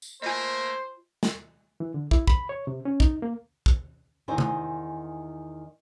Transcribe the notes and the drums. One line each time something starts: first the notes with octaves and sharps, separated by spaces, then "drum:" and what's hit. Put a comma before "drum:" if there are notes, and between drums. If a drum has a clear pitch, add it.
drum: tambourine
A3 A#3 F4 C5 D#5 G#5 B5
drum: snare
E3
D3
E4, drum: kick
B5, drum: kick
C#5
C3
C#4
D#4, drum: kick
A#3
drum: kick
E2 D#3 D#4 F4 C5 G#5
drum: tom C3